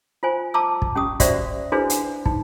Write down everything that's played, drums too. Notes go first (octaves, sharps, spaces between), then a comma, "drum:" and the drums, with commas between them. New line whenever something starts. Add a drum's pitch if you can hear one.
F4 C5 G#5
A5 A#5 D6 E6
drum: kick
C#4 G4 D#6
F#4 G4 C5 D5 E5, drum: kick, hi-hat
D4 E4 F#4 G#4 B4 C5
drum: hi-hat
D#4, drum: kick